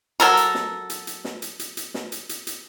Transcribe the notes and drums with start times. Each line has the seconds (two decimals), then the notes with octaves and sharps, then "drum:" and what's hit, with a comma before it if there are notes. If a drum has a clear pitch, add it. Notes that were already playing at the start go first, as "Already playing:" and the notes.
0.20 F#3 A4 A#4, drum: hi-hat
0.37 drum: hi-hat
0.55 drum: snare
0.90 drum: hi-hat
1.07 drum: hi-hat
1.25 drum: snare
1.42 drum: hi-hat
1.59 drum: hi-hat
1.77 drum: hi-hat
1.94 drum: snare
2.12 drum: hi-hat
2.29 drum: hi-hat
2.47 drum: hi-hat